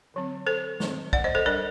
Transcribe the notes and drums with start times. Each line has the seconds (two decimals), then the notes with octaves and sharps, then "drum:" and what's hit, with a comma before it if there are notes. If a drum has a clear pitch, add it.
0.14 D3 F#3 C4
0.47 A4 C5
0.80 D#3 F#3 C4, drum: snare
1.13 D5 F#5, drum: kick
1.24 C5 D#5
1.35 A4 C5
1.45 G3 D4 A#4 D5